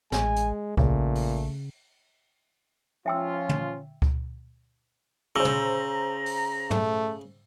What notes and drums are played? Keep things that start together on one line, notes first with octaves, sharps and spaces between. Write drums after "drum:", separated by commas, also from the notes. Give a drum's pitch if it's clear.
A1 G#3 G#5, drum: snare
drum: hi-hat
A#1 A#2 C#3 A3, drum: kick C#2
drum: open hi-hat
F3 C#4 F4 E5 G5 E6
drum: tom
drum: kick C#2
C#3 C5 A#5 E6
drum: tom
drum: open hi-hat
A3, drum: tom